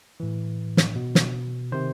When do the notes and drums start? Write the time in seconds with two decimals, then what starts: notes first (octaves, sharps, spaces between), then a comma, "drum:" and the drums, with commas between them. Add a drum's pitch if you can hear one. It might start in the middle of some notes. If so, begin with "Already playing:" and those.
0.20 A2 E3
0.77 drum: snare
0.96 B2
1.15 drum: snare
1.72 C3 D#3 C5